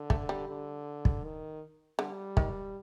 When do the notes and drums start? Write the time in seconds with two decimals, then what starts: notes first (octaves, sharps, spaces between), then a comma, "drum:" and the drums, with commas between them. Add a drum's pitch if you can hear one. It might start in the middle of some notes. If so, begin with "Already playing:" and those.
Already playing: D3
0.10 A3, drum: kick
0.29 G3
0.49 D3
1.05 drum: kick
1.24 D#3
1.99 D3 G3
2.37 D#3, drum: kick